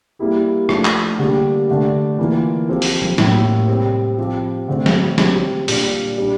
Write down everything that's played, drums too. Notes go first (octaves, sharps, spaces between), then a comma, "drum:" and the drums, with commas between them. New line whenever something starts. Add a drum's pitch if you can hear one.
G3 A#3 E4 G4
F3 A3 D4, drum: rim click
drum: clap
D3 G3 A#3 D4 G4
D3 A3 D4 G4
E3 A#3 F4
F3 C4 G4
drum: open hi-hat
drum: tom
A2 G3 A#3, drum: snare
C3 G3 C4
F3 C4 G4
D3 A3 C4
drum: snare
G3 C4 G4, drum: snare
A#2 G3 D4, drum: open hi-hat
G3 D4 G4